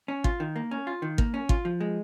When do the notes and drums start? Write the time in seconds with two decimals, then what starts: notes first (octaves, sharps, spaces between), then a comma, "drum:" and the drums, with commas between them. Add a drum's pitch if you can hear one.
0.08 C#4
0.24 F4, drum: kick
0.40 D#3
0.56 A#3
0.71 C#4
0.87 F4
1.02 D#3
1.18 A#3, drum: kick
1.34 C#4
1.49 F4, drum: kick
1.65 F3
1.81 G#3